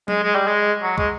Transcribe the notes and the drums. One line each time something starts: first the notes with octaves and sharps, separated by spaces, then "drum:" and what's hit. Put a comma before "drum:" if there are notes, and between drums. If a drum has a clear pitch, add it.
G#3, drum: tom F#3
G#3
G3
G#3
F#3
G#3, drum: kick